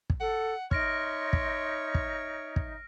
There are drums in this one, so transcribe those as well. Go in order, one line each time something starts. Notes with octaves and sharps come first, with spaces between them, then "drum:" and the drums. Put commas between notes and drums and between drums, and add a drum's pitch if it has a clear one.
drum: kick
A4 F#5
D#4 C#5 E5 C6 F6 A#6 D7, drum: kick
drum: kick
drum: kick
drum: kick